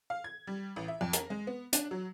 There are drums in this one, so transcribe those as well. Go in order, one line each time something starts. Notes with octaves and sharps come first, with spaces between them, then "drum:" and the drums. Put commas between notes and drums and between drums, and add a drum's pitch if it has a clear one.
F5
G#6
G3
A1
E5
F2
A#4, drum: hi-hat
G#3
B3
D4, drum: hi-hat
F#3